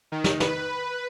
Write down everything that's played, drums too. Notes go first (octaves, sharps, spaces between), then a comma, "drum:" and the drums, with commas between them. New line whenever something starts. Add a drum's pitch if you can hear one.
D#3
drum: snare
B4, drum: snare